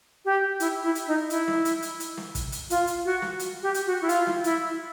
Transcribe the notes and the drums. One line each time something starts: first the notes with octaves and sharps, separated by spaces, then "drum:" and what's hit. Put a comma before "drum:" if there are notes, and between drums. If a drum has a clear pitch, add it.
G4
E4, drum: hi-hat
E4
drum: hi-hat
D#4
E4, drum: hi-hat
drum: snare
drum: hi-hat
drum: hi-hat
drum: hi-hat
drum: snare
drum: kick, hi-hat
drum: hi-hat
F4, drum: hi-hat
drum: hi-hat
F#4
drum: snare
drum: hi-hat
G4
drum: hi-hat
F#4
E4
F4, drum: hi-hat
drum: snare
E4, drum: hi-hat